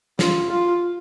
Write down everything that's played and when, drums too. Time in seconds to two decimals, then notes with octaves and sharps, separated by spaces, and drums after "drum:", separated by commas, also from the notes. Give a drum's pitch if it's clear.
0.19 F4, drum: snare
0.50 F4